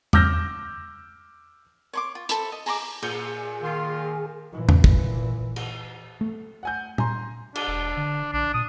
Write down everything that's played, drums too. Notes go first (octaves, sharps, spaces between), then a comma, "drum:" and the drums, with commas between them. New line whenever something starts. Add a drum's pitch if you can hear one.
D6 E6 F6 G6 A#6, drum: tom E2
C#5 C6 D6
F4
A4 C5 E5 B5, drum: hi-hat
D#5
G#4 A#5 C6 D6, drum: open hi-hat
A#2 G#4 G6 C#7, drum: cymbal
D#3 F4
A#2 E3
drum: tom E2
drum: kick
drum: cymbal
A3
F#5 G#5 G6
G#5 A#5 C6, drum: tom A#2
D4, drum: cymbal
E1
D3
A#1 D4
A#2 D#6